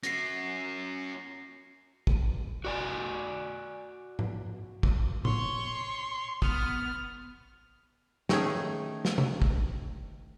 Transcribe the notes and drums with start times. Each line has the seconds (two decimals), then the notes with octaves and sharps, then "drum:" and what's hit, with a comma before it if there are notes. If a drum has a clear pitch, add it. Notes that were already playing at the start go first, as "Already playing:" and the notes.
0.03 C#4 F#4 A#6 C7, drum: hi-hat
2.07 drum: kick
2.64 F#4 D5 G#5
4.19 drum: tom G#2
4.83 drum: kick
5.25 C#5 C6 C#6, drum: tom A2
6.42 B3 F6, drum: kick
8.29 D#3 A3 C#4 G#4, drum: snare
9.05 drum: snare
9.18 drum: tom
9.42 drum: kick